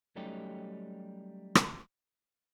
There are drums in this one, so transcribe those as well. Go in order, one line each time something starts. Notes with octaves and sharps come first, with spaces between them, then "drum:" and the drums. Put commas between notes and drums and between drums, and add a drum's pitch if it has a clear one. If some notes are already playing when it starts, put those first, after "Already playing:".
F#3 G3 A3 C#4 D#4 G4
drum: rim click